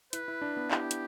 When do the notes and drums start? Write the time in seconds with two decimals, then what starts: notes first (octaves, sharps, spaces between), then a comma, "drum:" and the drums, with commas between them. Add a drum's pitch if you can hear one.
0.13 E4 B4, drum: hi-hat
0.28 E4
0.42 D4
0.57 B3
0.71 E4 G4, drum: clap
0.91 drum: hi-hat